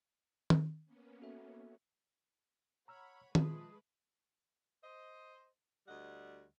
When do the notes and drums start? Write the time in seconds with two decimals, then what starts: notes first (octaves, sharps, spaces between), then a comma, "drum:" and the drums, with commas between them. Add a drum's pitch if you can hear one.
0.50 drum: tom D#3
0.86 A#3 B3 C#4
1.22 F#4 A4 E5
2.88 C#5 F#5 A#5 B5 E6 F6
3.35 A#2 F3 G#3 A3 G#4 B4, drum: tom D#3
4.84 C5 D#5
5.87 D2 G3 D#5 F#5